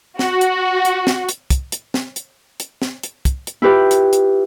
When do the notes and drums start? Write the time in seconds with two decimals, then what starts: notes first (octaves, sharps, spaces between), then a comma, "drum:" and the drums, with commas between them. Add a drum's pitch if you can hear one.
0.19 F#4, drum: snare
0.41 drum: hi-hat
0.85 drum: hi-hat
1.07 drum: snare
1.29 drum: hi-hat
1.50 drum: kick, hi-hat
1.72 drum: hi-hat
1.94 drum: snare
2.16 drum: hi-hat
2.60 drum: hi-hat
2.82 drum: snare
3.03 drum: hi-hat
3.25 drum: kick, hi-hat
3.47 drum: hi-hat
3.62 E4 F4 G4 B4
3.91 drum: hi-hat
4.13 drum: hi-hat